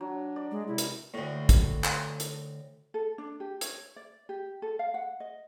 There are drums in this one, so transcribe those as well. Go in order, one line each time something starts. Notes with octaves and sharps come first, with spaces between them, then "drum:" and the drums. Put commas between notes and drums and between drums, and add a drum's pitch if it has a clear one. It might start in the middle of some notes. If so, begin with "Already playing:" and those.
F#3 D4
D5
G#3
C3 E4
drum: hi-hat
D2 A2
drum: kick, hi-hat
drum: clap
drum: hi-hat
A4
D4
G4
C#5, drum: hi-hat
D5
G4
A4
F5
F#5
D#5